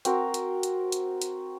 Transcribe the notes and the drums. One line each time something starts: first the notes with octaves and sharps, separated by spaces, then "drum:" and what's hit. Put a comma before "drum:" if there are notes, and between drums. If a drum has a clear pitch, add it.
C4 F#4 A#4, drum: hi-hat
drum: hi-hat
drum: hi-hat
drum: hi-hat
drum: hi-hat